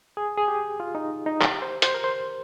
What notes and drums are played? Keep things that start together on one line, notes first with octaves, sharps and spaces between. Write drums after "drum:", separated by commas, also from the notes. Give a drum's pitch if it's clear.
G#4
G#4
G4
F4
D#4
D#4
G4, drum: clap
C5
C5, drum: hi-hat
A#4
C5